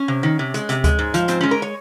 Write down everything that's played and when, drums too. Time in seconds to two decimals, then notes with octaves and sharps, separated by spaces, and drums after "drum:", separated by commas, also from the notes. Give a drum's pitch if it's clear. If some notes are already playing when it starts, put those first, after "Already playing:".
Already playing: C#4
0.08 C3
0.23 D#3
0.39 C3
0.54 G#3, drum: hi-hat
0.69 C3, drum: hi-hat
0.84 G#3, drum: kick D2, hi-hat
0.99 G#2
1.14 F3, drum: hi-hat
1.28 G#2 C4, drum: hi-hat
1.41 G#3 C#4
1.51 A#4
1.62 C#5